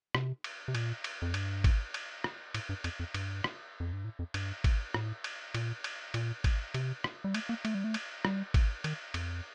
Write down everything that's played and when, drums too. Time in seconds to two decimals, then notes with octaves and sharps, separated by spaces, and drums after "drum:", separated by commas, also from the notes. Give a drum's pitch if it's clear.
0.15 C3, drum: rim click
0.44 drum: cymbal
0.68 C3
0.75 A#2, drum: cymbal
1.04 drum: cymbal
1.22 F2
1.34 G2, drum: cymbal
1.64 drum: kick G#1, cymbal
1.94 drum: cymbal
2.24 drum: rim click
2.54 A2, drum: cymbal
2.69 G2
2.84 F2, drum: cymbal
3.00 F2
3.14 G2, drum: cymbal
3.44 drum: rim click
3.80 F2
3.92 G2
4.04 A2
4.19 F2
4.34 G2, drum: cymbal
4.64 drum: kick G#1, cymbal
4.94 A2, drum: rim click
5.24 drum: cymbal
5.54 A#2, drum: cymbal
5.84 drum: cymbal
6.14 A#2, drum: cymbal
6.44 drum: kick G#1, cymbal
6.74 C3, drum: cymbal
7.04 drum: rim click
7.24 G3
7.34 A3, drum: cymbal
7.49 A#3
7.65 A3, drum: cymbal
7.75 G3
7.84 A3
7.94 drum: cymbal
8.25 G3, drum: rim click
8.54 drum: kick G#1, cymbal
8.84 D#3, drum: cymbal
9.14 F2, drum: cymbal